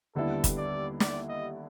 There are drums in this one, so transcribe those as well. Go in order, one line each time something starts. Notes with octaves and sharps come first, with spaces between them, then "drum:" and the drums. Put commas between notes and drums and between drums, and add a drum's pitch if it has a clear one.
D#2 D3 G3 B3 E4 A4
drum: kick, hi-hat
D5
D5, drum: snare
D#5